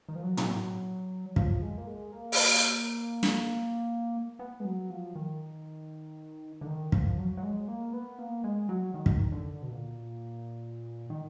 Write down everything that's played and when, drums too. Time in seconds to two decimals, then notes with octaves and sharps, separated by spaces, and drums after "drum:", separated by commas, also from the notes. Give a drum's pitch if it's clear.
0.08 D#3
0.15 F3
0.23 F#3
0.37 drum: tom
1.36 F3, drum: kick
1.62 G#3
1.78 A#3
1.87 G#3
2.12 A#3
2.32 drum: open hi-hat
3.23 drum: snare
4.39 B3
4.60 G#3
4.65 F#3
4.90 F3
5.16 D#3
6.61 D3
6.67 D#3
6.92 F3, drum: kick
7.18 F#3
7.37 F#3
7.43 G#3
7.68 A#3
7.93 B3
8.19 A#3
8.44 G#3
8.69 F#3
8.94 D#3
9.06 drum: kick
9.32 D3
9.62 B2
9.70 A#2
11.10 D#3